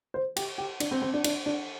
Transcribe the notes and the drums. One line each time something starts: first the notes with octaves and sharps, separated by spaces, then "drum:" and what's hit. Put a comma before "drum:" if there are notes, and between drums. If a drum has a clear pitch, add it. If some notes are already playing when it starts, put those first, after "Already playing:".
C5
G4, drum: cymbal
G4
D4, drum: cymbal
C4
C4
D4
D4, drum: cymbal
D4